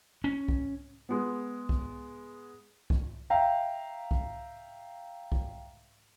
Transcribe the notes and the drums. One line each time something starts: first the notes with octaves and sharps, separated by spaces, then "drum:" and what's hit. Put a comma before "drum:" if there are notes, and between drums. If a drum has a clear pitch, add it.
C#4
drum: kick C2
G#3 B3
drum: kick C2
drum: kick C2
E5 F5 G5 A#5
drum: kick C2
drum: kick C2